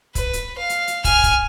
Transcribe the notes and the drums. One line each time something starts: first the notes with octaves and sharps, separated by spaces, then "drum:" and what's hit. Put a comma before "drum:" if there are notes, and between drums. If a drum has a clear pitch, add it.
B4, drum: kick, hi-hat
drum: hi-hat
F5
drum: hi-hat
drum: hi-hat
G#5 F6, drum: kick, hi-hat
drum: kick, hi-hat